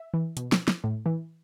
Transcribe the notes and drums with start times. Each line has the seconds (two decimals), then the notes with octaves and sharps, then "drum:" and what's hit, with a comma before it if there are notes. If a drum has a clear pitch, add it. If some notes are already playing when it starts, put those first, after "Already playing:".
Already playing: E5
0.14 E3
0.37 B2, drum: hi-hat
0.52 drum: snare
0.68 drum: snare
0.84 A2
1.06 E3